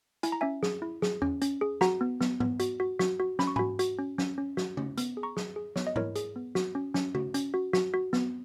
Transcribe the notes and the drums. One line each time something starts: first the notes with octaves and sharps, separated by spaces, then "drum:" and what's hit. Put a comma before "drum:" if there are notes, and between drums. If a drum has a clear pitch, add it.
E4 G#5, drum: hi-hat
A#5
C#4 E5 G#5
G#4, drum: snare
E4
G#4, drum: snare
C#4, drum: tom E2
C#4, drum: hi-hat
G#4
F#4 F#5 A#5, drum: snare
B3
B3, drum: snare
B3, drum: tom G#2
F#4, drum: hi-hat
F#4
F#4, drum: snare
F#4
C#4 B5, drum: snare
C#6
F#4 G#5 B5, drum: tom G#2
F#4, drum: hi-hat
C#4
C#4, drum: snare
C#4
F#4, drum: snare
C#4, drum: tom C#3
B3, drum: hi-hat
G#4
A#5 C#6
G#4, drum: snare
G#4
B3 C#5, drum: snare
D#5
E4 A#4 C#5, drum: tom G#2
G#4, drum: hi-hat
B3
F#4, drum: snare
C#4
C#4, drum: snare
F#4, drum: tom C#3
C#4, drum: hi-hat
F#4
F#4, drum: snare
F#4
B3, drum: snare